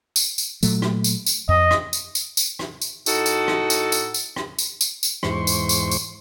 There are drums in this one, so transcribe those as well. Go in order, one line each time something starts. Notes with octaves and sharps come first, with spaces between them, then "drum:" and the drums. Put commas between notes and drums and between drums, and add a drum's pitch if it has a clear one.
drum: tambourine
drum: tambourine
A#2 F#3 A3, drum: tambourine
drum: rim click
drum: tambourine
drum: tambourine
F2 D#5
drum: rim click
drum: tambourine
drum: tambourine
drum: tambourine
drum: rim click
drum: tambourine
A2 D#4 F#4 A4, drum: tambourine
drum: tambourine
drum: rim click
drum: tambourine
drum: tambourine
drum: tambourine
drum: rim click
drum: tambourine
drum: tambourine
drum: tambourine
E2 G#2 C5 C6 C#6, drum: rim click
drum: tambourine
drum: tambourine
drum: tambourine